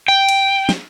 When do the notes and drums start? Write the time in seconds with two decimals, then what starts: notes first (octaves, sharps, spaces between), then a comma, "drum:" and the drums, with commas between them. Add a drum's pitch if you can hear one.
0.08 G5
0.29 drum: cymbal
0.69 drum: snare